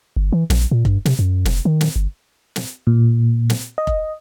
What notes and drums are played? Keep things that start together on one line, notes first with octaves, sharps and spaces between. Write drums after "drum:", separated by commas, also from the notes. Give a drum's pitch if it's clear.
G1
E3
A#1, drum: snare
A#2
G2, drum: kick F1
C3, drum: snare
F#2
F1, drum: snare
D#3
drum: snare
G1
drum: snare
A#2
drum: snare
D#5
drum: kick F1